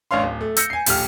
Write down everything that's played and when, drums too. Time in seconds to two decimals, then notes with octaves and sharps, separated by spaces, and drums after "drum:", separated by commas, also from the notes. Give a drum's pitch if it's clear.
0.11 A1 D4 C#5 F5 C6
0.23 D1
0.41 A3
0.57 E6 G6 A#6 C#7, drum: hi-hat
0.70 G#5 C7
0.86 D#1 A#1 G4 F6, drum: open hi-hat